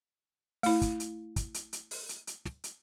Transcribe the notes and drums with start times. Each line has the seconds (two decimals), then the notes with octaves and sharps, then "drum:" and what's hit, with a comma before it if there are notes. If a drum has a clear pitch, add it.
0.63 A3 E4, drum: open hi-hat
0.82 drum: kick, hi-hat
1.00 drum: hi-hat
1.36 drum: kick, hi-hat
1.54 drum: hi-hat
1.73 drum: hi-hat
1.91 drum: open hi-hat
2.09 drum: hi-hat
2.27 drum: hi-hat
2.45 drum: snare
2.64 drum: hi-hat